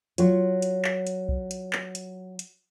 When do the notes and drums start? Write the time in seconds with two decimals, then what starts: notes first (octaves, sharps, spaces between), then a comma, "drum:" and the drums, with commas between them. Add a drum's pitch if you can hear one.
0.18 F#3 F4 C#5, drum: hi-hat
0.62 drum: hi-hat
0.84 drum: clap
1.07 drum: hi-hat
1.29 drum: kick B1
1.51 drum: hi-hat
1.73 drum: clap
1.95 drum: hi-hat
2.39 drum: hi-hat